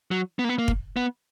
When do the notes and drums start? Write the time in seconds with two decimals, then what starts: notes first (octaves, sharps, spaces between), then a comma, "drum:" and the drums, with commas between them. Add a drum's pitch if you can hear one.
0.11 F#3
0.39 B3
0.44 A#3
0.49 B3
0.58 A#3
0.68 drum: kick
0.96 B3